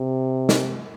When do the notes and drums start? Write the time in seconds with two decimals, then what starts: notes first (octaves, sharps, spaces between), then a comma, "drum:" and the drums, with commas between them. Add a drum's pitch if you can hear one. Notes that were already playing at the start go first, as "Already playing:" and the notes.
Already playing: C3
0.49 drum: snare